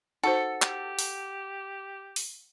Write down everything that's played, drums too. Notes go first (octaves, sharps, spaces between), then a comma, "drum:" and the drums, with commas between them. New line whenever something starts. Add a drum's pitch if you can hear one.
D#4 F#4 A4 C5 F#5
G4, drum: clap
drum: open hi-hat
drum: open hi-hat